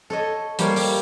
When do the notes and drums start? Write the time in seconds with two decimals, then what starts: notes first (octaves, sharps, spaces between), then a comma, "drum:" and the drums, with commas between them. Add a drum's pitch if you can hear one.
0.10 A4 C#5 D#5
0.59 G3 A#3 G4 C5 C#5 F5, drum: hi-hat
0.76 G3, drum: open hi-hat